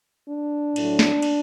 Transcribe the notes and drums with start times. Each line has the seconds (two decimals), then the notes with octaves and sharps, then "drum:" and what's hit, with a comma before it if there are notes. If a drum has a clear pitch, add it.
0.29 D4
0.76 A2 F#3 A3, drum: cymbal
0.99 drum: snare
1.22 drum: cymbal